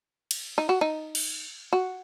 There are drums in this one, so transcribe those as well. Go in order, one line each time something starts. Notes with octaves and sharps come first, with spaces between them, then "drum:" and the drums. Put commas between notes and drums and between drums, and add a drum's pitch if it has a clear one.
drum: cymbal
D#4
F#4
D#4
drum: cymbal
F#4